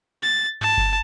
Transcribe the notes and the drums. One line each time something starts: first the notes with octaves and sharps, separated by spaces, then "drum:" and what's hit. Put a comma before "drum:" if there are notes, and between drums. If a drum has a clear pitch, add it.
A6
A5, drum: tom G2
drum: kick F#1